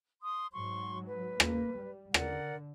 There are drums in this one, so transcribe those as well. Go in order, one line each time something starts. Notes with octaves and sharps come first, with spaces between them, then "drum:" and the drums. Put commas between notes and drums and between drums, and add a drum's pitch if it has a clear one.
C6 D#6
G#2 F#3 C6 C#6
B4
A#3, drum: rim click
G3
D3 A#4 D5 F#5, drum: rim click